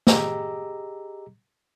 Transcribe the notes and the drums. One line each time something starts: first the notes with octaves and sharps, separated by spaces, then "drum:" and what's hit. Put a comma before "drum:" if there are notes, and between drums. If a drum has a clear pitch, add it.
G4 G#4 D#5 A#5 D6 E6, drum: snare